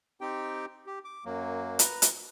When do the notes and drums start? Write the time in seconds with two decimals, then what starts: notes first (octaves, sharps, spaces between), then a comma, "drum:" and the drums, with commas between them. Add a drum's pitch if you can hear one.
0.21 C4 D#4 G4 G5
0.86 G4
1.05 D6
1.25 F#2 F#3 A#3
1.79 B4 A#5, drum: hi-hat
2.02 drum: hi-hat